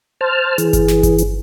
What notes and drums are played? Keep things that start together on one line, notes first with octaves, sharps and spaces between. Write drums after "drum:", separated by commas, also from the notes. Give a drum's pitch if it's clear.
C5 A5 F6
E3 G#4, drum: hi-hat
drum: kick G1, hi-hat
drum: snare
drum: kick G1, hi-hat
drum: hi-hat